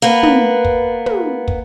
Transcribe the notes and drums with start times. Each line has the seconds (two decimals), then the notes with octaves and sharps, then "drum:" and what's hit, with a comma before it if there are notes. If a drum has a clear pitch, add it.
0.02 A#3 B3 B4
0.23 drum: tom
0.65 drum: kick
1.06 drum: tom
1.48 drum: kick